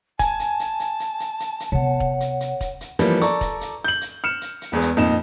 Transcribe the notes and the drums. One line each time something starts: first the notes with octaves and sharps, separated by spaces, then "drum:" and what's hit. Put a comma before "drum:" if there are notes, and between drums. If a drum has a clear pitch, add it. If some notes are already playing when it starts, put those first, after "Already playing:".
G#5 A5, drum: kick, hi-hat
drum: hi-hat
drum: hi-hat
drum: hi-hat
drum: hi-hat
drum: hi-hat
drum: hi-hat
drum: hi-hat
C3 B3 C#5 F#5
drum: kick
drum: hi-hat
drum: hi-hat
drum: kick, hi-hat
drum: hi-hat
E3 F3 G3 A#3, drum: hi-hat
A4 D5 A#5 C#6, drum: hi-hat
drum: kick, hi-hat
drum: hi-hat
G6 F#7
drum: hi-hat
F6 C#7 E7
drum: hi-hat
drum: hi-hat
E1 E2 G#4 B4
drum: hi-hat
F2 A#2 D#4 E7